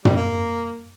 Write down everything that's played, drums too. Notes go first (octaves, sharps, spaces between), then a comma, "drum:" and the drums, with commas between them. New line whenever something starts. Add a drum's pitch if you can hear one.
G3, drum: tom
A#3